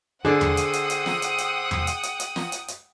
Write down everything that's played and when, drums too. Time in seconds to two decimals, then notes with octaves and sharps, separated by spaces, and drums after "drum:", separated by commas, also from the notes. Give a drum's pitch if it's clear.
0.25 D3 G#4 C5 D5 E5 F#5 G5 D#6
0.41 drum: tom E2
0.57 drum: hi-hat
0.73 drum: hi-hat
0.90 drum: hi-hat
1.06 drum: snare
1.22 drum: hi-hat
1.38 drum: hi-hat
1.71 drum: tom E2
1.87 drum: hi-hat
2.03 drum: hi-hat
2.20 drum: hi-hat
2.36 drum: snare
2.52 drum: hi-hat
2.68 drum: hi-hat